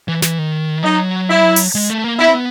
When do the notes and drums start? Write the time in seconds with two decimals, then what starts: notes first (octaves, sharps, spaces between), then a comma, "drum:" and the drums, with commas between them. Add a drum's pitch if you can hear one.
0.08 E3
0.22 E3, drum: snare
0.39 D#3
0.83 F#3 D#4
1.29 E4
1.56 drum: open hi-hat
1.75 G#3
1.90 A3
2.04 A#3
2.19 B3 E4
2.27 C4
2.34 B3